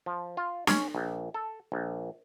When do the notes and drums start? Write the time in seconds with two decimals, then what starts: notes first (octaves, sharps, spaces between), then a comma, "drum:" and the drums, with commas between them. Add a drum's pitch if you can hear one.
0.06 F3
0.37 F4
0.67 C#4, drum: snare
0.95 A#1
1.34 A4
1.72 A#1